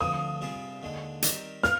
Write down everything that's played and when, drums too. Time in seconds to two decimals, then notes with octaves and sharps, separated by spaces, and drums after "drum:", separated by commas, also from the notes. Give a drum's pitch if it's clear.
0.01 D2 D3 F3 C4 F4 D#6
0.41 C3 G3 C4 F4 G#4
0.82 D#2 D3 G#3
1.22 D#3 G3 C4 G4 A#4, drum: hi-hat
1.63 F4 A#4 F6, drum: snare